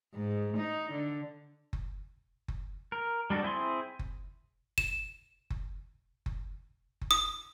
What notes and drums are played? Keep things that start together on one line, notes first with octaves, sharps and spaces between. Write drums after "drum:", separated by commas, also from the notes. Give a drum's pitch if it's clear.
G#2
D#4
D3
drum: kick F#1
drum: kick F#1
A#4
G3 D4 F#4 A4
C4 E4 G#4 C6
drum: kick F#1
E7, drum: kick F#1
drum: kick F#1
drum: kick F#1
drum: kick F#1
D#6